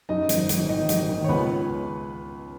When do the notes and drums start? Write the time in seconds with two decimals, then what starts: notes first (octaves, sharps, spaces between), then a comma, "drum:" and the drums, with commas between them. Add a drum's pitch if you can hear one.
0.09 F#2 D#4 D#5
0.29 G#1, drum: hi-hat
0.49 G#1, drum: hi-hat
0.69 D#3 D#4 D#5
0.89 G#1, drum: hi-hat
1.09 D#3
1.24 C#5
1.29 C#2 B3 B4